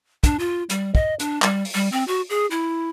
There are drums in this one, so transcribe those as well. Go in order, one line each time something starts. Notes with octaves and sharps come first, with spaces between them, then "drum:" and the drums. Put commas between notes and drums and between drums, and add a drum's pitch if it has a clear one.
D4, drum: kick, hi-hat
F4
G3, drum: hi-hat
D#5, drum: kick
D4, drum: hi-hat
G3, drum: clap
drum: open hi-hat
G3
C4
F#4
G#4
E4